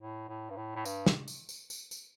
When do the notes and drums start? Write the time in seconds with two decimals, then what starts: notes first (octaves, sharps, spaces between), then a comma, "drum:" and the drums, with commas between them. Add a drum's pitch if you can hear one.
0.01 A2
0.29 A2
0.50 G2
0.57 A2
0.76 A2
0.85 G2, drum: tambourine
1.06 drum: snare
1.28 drum: tambourine
1.49 drum: tambourine
1.70 drum: tambourine
1.91 drum: tambourine